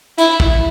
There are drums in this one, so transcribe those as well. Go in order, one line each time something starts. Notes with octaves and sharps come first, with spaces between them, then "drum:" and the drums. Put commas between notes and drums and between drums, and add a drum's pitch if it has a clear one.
E4, drum: hi-hat
drum: kick